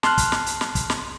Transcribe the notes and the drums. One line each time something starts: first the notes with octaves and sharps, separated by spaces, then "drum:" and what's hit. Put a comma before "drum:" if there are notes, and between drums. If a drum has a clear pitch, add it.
A5 C6 F6 F#6, drum: snare
drum: kick, hi-hat
drum: snare
drum: hi-hat
drum: snare
drum: kick, hi-hat
drum: snare